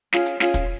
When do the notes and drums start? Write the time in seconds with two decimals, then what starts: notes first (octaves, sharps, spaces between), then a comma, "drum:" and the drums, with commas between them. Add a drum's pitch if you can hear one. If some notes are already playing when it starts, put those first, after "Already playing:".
0.13 C#4 F4 G#4, drum: snare
0.26 drum: hi-hat
0.40 C#4 F4 G#4, drum: snare
0.54 drum: kick, hi-hat